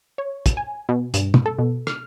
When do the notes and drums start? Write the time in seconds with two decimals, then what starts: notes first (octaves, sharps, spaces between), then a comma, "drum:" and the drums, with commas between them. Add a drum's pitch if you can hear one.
0.18 C#5
0.46 drum: kick, hi-hat
0.57 G#5
0.89 B2
1.14 G2, drum: hi-hat
1.34 drum: tom
1.46 A4
1.59 B2
1.87 F6, drum: rim click